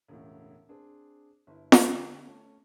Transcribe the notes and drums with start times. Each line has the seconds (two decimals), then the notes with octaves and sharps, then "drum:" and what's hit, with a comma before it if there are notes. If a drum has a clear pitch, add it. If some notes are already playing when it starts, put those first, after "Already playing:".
0.09 E1 C#2 A2
0.69 C4 D4 G#4
1.47 G1 E4
1.72 drum: snare F4
1.84 D3 G4
2.27 A3 C#4